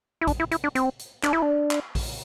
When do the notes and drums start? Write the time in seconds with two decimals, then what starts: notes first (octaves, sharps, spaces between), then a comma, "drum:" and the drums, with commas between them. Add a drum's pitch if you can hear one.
0.21 E4
0.27 D4, drum: kick A#1, hi-hat
0.40 E4
0.51 E4, drum: hi-hat
0.64 D4
0.75 C4, drum: hi-hat
0.99 drum: hi-hat
1.23 D4, drum: clap
1.33 E4
1.42 D4
1.71 drum: clap
1.95 drum: kick A#1, open hi-hat